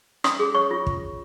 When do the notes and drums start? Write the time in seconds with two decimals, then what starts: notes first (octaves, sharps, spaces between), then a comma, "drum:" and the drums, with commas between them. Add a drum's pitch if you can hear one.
0.24 C#4 D#6, drum: rim click
0.39 G#4
0.55 C#5 C#6
0.71 F4
0.87 drum: kick